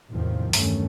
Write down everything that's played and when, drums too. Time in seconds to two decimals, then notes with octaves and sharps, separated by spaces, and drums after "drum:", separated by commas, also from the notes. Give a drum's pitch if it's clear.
0.10 E2 A2 C3 D#3 F3
0.53 E2 G2 D#3 A3 C#4, drum: open hi-hat